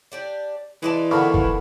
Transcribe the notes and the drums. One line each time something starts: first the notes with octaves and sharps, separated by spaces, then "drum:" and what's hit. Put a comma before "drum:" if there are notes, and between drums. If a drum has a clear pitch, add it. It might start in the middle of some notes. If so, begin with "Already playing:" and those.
D4 G4 D5
E3 G#3 D5 A5
B2 D3 D#3 F5 B5 C#6
drum: kick